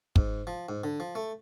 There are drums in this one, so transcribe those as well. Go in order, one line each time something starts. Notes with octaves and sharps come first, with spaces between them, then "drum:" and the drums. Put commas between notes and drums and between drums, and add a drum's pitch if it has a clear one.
G#2, drum: kick
F3
G#2
D3
F3
A3